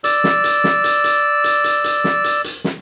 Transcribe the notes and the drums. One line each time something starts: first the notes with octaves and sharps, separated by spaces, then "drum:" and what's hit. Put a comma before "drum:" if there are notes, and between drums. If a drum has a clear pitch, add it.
D5 E6, drum: hi-hat
drum: snare
drum: hi-hat
drum: snare
drum: hi-hat
drum: hi-hat
drum: hi-hat
drum: hi-hat
drum: hi-hat
drum: snare
drum: hi-hat
drum: hi-hat
drum: snare